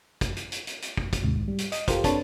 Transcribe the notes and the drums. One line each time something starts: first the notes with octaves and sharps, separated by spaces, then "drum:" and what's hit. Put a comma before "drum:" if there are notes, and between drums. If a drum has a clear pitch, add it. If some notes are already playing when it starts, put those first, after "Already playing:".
drum: kick, hi-hat
drum: hi-hat
drum: hi-hat
drum: hi-hat
drum: hi-hat
drum: kick
drum: kick, hi-hat
D#2 G#2 C3
B1 G#2
G3
drum: hi-hat
D#5, drum: hi-hat
F4 G4 A4 A#4 C5, drum: kick, hi-hat
C4 D4 A4 B4 C#5 A5, drum: kick, hi-hat